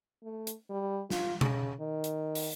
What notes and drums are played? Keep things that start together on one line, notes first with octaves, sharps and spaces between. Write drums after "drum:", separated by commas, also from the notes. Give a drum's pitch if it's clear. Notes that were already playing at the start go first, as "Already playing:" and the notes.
A3
drum: hi-hat
G3
F4, drum: snare
C#3, drum: tom B2
D#3
drum: hi-hat
drum: open hi-hat